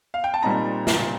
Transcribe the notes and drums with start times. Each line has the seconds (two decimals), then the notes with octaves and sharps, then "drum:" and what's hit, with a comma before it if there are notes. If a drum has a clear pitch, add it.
0.14 F5
0.24 G5
0.34 A5
0.42 A#2 G3 C4 D#4 A#5
0.87 drum: snare